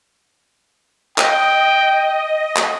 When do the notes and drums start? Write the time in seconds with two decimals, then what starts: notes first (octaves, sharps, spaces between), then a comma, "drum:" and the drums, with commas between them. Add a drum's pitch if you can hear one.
1.18 D#5 G5, drum: clap
2.56 drum: clap